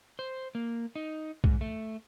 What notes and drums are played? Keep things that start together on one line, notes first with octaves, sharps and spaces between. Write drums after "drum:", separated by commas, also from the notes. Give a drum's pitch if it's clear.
C5
A#3
D#4
G#2, drum: kick B1
A3